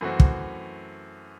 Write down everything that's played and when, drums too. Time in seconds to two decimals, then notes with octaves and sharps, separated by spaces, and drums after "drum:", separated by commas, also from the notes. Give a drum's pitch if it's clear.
0.01 F#2 E3 A3 C4 F#4
0.20 drum: kick